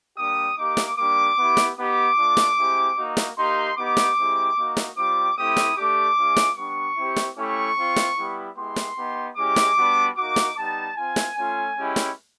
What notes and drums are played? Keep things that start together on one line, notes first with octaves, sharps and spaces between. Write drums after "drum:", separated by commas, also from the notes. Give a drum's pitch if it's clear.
G3 A#3 D4 G4 D#6
A#3 D#4 G4 D6
drum: snare
G3 A#3 D4 D6
B3 E4 G4
drum: snare
B3 D#4 G4 D6
A3 D4 F4
drum: snare
G#3 C4 E4 G4
A#3 D#4 F#4
drum: snare
A#3 D#4 G4 C6
B3 D#4 G4 D6
drum: snare
G#3 C4 E4 G4
A#3 D#4 F#4
drum: snare
G3 C4 F4 D6
A3 C4 E4 G4 D#6
drum: snare
A3 D4 G4 D6
G#3 C#4 F4
drum: snare
G3 B3 D4 C#6
C4 E4 G4
drum: snare
A3 C#4 E4 G4 C#6
C4 F4
drum: snare
G3 B3 E4
G#3 B3 E4 G4 C6
drum: snare
B3 D#4 G4
G#3 C#4 E4 G4 D6
drum: snare
G3 B3 D4 F#4
A#3 D#4 F#4 D6
drum: snare
G3 B3 D#4 A5
C4 F4 G#5
drum: snare
A3 C#4 F4
G#3 C#4 E4 G4
drum: snare